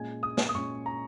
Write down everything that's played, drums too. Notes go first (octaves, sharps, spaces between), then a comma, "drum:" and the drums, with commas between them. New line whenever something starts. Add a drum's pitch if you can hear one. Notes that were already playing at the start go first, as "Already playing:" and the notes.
Already playing: A#2 G#3 C#4 G#5
D#6
drum: snare
D#6
A#2 G#3 C#4 C#6
A#5